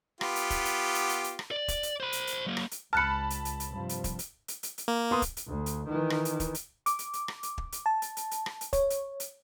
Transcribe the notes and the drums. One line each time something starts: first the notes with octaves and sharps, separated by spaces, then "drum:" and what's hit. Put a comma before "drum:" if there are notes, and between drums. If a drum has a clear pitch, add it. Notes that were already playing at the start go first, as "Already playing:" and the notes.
B3 F4 G4, drum: rim click
drum: hi-hat
drum: kick, hi-hat
drum: hi-hat
drum: hi-hat
drum: hi-hat
drum: hi-hat
drum: rim click
D5
drum: kick, hi-hat
drum: hi-hat
C5 B5
drum: hi-hat
drum: hi-hat
F#3 A#3
drum: rim click
drum: hi-hat
C#2 A5 B5 F6 F#6 C#7
drum: hi-hat
drum: hi-hat
drum: hi-hat
G2 C3 F3
drum: hi-hat
drum: kick, hi-hat
drum: hi-hat
drum: hi-hat
drum: hi-hat
drum: hi-hat
A#3
B3 C6 D#6
drum: kick, hi-hat
drum: hi-hat
D2
drum: hi-hat
D#3 E3
drum: rim click
drum: hi-hat
drum: kick, hi-hat
drum: hi-hat
D6, drum: hi-hat
drum: hi-hat
drum: hi-hat
drum: rim click
drum: hi-hat
drum: kick
drum: hi-hat
A5
drum: hi-hat
drum: hi-hat
drum: hi-hat
drum: rim click
drum: hi-hat
C#5, drum: kick, hi-hat
drum: hi-hat
drum: hi-hat